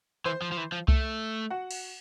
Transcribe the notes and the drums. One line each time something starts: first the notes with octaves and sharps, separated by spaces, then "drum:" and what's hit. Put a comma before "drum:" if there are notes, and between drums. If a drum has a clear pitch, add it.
E3 C5 C6
F3
F3
E3
F3
A3, drum: kick C2
F#4 F#5
drum: cymbal